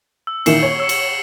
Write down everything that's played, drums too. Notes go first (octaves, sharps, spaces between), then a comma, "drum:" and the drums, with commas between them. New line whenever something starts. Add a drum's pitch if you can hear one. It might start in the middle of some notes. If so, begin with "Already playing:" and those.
E6
A#2 D#3 E4 C7 C#7 E7, drum: cymbal
C#5
E6 C#7
drum: cymbal